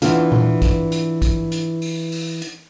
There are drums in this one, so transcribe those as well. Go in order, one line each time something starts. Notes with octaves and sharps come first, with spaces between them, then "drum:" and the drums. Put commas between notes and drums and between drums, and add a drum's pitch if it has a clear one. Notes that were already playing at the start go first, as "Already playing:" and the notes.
E3 B3 D4 F4, drum: hi-hat
drum: tom A#2
drum: kick, hi-hat
drum: hi-hat
drum: kick, hi-hat
drum: hi-hat
drum: open hi-hat
drum: open hi-hat
drum: hi-hat